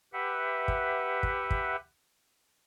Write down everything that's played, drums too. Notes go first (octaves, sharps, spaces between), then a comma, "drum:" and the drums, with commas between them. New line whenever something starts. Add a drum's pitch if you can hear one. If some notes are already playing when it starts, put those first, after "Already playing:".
G4 B4 E5 F#5
drum: kick
drum: kick
drum: kick